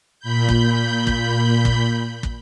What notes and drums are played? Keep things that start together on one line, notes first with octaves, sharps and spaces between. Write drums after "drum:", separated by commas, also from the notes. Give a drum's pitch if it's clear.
A#2 B5 G6
drum: kick
drum: kick
drum: kick
drum: kick